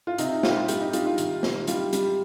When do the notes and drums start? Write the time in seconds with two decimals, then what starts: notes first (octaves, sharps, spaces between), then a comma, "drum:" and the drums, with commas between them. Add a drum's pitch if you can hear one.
0.07 F4
0.18 C3 D#4, drum: hi-hat
0.43 G3 F4, drum: snare
0.50 G4
0.57 F4
0.68 G3 G4, drum: hi-hat
0.81 D#4
0.93 G3 F4, drum: hi-hat
1.06 F4
1.18 D#3, drum: hi-hat
1.43 D#3, drum: snare
1.67 G3 F4, drum: hi-hat
1.93 G3, drum: hi-hat